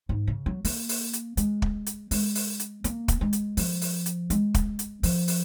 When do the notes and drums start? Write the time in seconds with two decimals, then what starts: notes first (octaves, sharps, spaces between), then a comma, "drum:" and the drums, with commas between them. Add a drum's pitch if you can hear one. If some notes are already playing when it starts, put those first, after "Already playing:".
0.09 G#2
0.27 C#3
0.46 F#3
0.65 A#3, drum: open hi-hat
0.89 drum: open hi-hat
1.13 drum: hi-hat
1.37 G#3, drum: hi-hat
1.62 drum: kick
1.86 drum: hi-hat
2.11 G#3, drum: open hi-hat
2.35 drum: open hi-hat
2.60 drum: hi-hat
2.84 A#3, drum: hi-hat
3.08 drum: kick, hi-hat
3.21 G#3
3.33 drum: hi-hat
3.57 F3, drum: open hi-hat
3.81 drum: open hi-hat
4.06 drum: hi-hat
4.30 G#3, drum: hi-hat
4.54 drum: kick, hi-hat
4.79 drum: hi-hat
5.03 F3, drum: open hi-hat
5.28 drum: open hi-hat